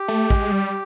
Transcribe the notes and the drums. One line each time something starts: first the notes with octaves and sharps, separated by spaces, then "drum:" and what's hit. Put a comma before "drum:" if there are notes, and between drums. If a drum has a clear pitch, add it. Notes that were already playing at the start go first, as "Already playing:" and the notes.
Already playing: G4
A3
G#3, drum: kick
G3